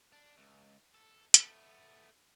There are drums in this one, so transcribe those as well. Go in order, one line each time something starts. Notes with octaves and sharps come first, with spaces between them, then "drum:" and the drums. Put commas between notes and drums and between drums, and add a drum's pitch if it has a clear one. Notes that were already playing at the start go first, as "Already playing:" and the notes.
D4
C#2
A4
A3 B3, drum: hi-hat